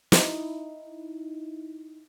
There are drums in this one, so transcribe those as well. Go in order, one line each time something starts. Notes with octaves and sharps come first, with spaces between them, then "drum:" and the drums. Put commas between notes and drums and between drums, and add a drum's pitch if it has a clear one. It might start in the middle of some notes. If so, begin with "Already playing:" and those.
D#4 E4, drum: snare